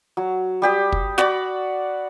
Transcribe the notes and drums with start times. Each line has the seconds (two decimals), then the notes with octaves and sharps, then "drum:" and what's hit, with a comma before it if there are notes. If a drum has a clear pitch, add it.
0.17 F#3
0.62 G3 G4 D#6
0.92 drum: kick
1.18 F#4 D5 B5 D6, drum: snare